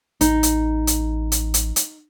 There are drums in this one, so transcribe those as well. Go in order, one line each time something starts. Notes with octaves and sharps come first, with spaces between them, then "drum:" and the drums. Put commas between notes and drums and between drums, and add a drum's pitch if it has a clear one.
A1 D#4, drum: hi-hat
drum: hi-hat
drum: hi-hat
drum: hi-hat
drum: hi-hat
drum: hi-hat